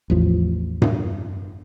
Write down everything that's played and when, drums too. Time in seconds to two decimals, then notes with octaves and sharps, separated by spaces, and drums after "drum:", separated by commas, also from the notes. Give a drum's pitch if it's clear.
0.10 A1 E2 F3
0.82 drum: tom G2